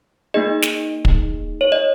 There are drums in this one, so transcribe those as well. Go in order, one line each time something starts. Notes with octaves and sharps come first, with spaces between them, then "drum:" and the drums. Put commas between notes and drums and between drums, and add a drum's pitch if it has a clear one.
A#3 D#4 G#4 D#5
drum: snare
drum: kick
C#5
D#5